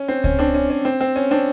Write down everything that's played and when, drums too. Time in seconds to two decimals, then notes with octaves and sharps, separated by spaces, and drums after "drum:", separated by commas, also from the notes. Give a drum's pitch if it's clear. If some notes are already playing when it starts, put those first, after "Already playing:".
Already playing: C#4
0.08 C4
0.24 C#4, drum: kick C#2
0.39 C4 D4
0.55 C#4
0.70 C#4
0.85 C4
1.01 C4
1.16 C#4
1.31 C4 D4